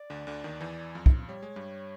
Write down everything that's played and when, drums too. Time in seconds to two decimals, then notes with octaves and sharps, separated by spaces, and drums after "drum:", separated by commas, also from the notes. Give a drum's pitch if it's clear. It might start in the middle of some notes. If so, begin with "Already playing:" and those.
Already playing: D5
0.10 D2 D3
0.27 D2 D3
0.44 D#2 D#3
0.60 E2 E3
0.95 F2 F3
1.06 drum: kick
1.29 G3 C#5
1.43 G#3
1.56 G2 G3